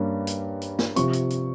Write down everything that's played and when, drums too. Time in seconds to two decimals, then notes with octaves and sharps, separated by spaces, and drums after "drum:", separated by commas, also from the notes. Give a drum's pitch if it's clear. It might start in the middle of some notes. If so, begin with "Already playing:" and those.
Already playing: G2 G3 A#3 C#4
0.27 drum: hi-hat
0.61 drum: hi-hat
0.79 drum: snare
0.96 C3 F3 C#6, drum: hi-hat
1.13 drum: hi-hat
1.30 drum: hi-hat